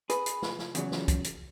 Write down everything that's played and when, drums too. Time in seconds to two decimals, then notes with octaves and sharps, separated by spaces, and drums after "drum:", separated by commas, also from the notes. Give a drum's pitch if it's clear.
0.10 G#4 B4, drum: hi-hat
0.26 drum: hi-hat
0.42 drum: snare
0.59 drum: snare
0.75 E2 C#3 F#3, drum: hi-hat
0.92 drum: snare
1.08 drum: kick, hi-hat
1.24 drum: hi-hat